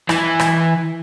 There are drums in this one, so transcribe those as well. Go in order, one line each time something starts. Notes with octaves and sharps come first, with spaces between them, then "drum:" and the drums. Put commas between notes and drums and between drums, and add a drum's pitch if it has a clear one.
E3, drum: rim click
drum: rim click